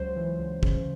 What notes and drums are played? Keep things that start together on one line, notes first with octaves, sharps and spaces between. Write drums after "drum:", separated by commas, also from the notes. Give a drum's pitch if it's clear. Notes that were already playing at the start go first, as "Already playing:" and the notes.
Already playing: C#2 F#3 C5
E3
C#2
C#3, drum: kick